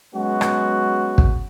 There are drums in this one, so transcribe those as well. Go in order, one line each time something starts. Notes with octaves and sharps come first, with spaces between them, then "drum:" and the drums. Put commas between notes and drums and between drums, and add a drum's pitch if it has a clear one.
F#3 G#3 B3 C#4 F#4
drum: rim click
drum: kick